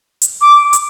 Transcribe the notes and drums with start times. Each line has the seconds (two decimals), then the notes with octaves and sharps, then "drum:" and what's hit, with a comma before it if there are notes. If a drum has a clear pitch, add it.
0.22 drum: hi-hat
0.41 D6
0.73 drum: hi-hat